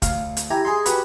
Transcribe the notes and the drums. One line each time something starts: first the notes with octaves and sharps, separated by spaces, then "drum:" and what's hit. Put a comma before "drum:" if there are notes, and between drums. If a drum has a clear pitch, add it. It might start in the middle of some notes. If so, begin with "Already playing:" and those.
D2 F5, drum: kick, hi-hat
drum: hi-hat
E4 G4 G#5 A#5
D#4 G#4 C6
F#4 G4 B4 F#5, drum: hi-hat